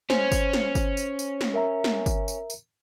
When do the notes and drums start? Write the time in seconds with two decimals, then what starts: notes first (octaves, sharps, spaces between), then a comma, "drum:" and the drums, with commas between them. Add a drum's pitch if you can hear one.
0.10 C#4 C5, drum: snare
0.32 drum: kick G1, tambourine
0.53 drum: snare
0.75 drum: kick G1, tambourine
0.97 drum: tambourine
1.19 drum: tambourine
1.41 drum: snare
1.54 A#4 E5 A#5
1.84 drum: snare
2.06 drum: kick G1, tambourine
2.28 drum: tambourine
2.50 drum: tambourine